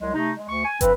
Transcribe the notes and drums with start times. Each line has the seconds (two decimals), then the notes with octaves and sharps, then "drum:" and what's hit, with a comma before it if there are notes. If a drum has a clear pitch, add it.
0.01 C2 F#3 G#3
0.15 C3 A3 D#4
0.37 G#3
0.49 D2 C#6
0.65 G#5
0.81 G2 F3 C4 B4, drum: kick, hi-hat